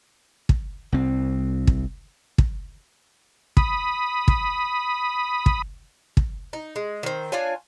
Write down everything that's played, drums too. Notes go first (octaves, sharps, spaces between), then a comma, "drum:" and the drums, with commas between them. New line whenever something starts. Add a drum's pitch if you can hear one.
drum: kick
C2 C4
drum: kick
drum: kick
B5 D#6, drum: kick
drum: kick
drum: kick
drum: kick
D#4
G#3
D#3 C4
D4 F4 C#5 G#5